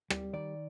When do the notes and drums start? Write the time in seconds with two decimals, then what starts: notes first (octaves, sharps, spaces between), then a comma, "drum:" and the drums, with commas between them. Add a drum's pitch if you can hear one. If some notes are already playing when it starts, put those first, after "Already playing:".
0.10 G3, drum: rim click
0.33 D#3 D5